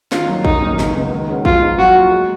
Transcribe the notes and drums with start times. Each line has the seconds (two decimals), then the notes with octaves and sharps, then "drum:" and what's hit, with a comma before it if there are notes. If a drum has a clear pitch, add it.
0.12 D#3 F4, drum: snare
0.28 F#3 A#3 D#4
0.45 F#2 D#4, drum: kick
0.62 D#3 F#3 A#3 C#4
0.79 C#2, drum: snare
0.96 C#3 G#3 B3 D#4
1.11 D#3
1.29 G#3 C#4 F#4 B4
1.45 F3 F4, drum: kick
1.61 B3 D#4 G#4
1.78 F#3 F#4
1.95 A#3 F4
2.11 G#3